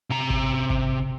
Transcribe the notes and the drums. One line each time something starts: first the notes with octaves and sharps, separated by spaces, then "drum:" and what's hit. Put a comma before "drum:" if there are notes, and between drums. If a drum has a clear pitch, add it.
C3 A#5
drum: kick G#1
drum: kick G#1